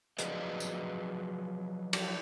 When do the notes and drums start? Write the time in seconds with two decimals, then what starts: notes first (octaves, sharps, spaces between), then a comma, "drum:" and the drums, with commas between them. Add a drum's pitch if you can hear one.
0.18 F3 F#3 G#4 B4 D5 D#5, drum: hi-hat
0.60 drum: tambourine
1.93 drum: cymbal